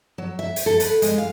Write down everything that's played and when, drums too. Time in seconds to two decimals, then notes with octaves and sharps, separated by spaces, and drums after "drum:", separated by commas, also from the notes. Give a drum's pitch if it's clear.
0.18 F#3
0.39 E5
0.56 drum: hi-hat
0.66 A4
0.80 B4, drum: hi-hat
1.02 G#3, drum: hi-hat
1.18 F5